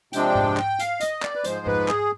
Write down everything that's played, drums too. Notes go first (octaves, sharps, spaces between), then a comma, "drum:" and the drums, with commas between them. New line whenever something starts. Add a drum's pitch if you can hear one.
C3 F3 G#3 D4 G5, drum: hi-hat
drum: tom G#2
drum: clap
F5, drum: hi-hat
D#5, drum: hi-hat
D5, drum: clap
B4
G#2 F3 G#3 C5, drum: hi-hat
B4, drum: tom G#2
G#4, drum: clap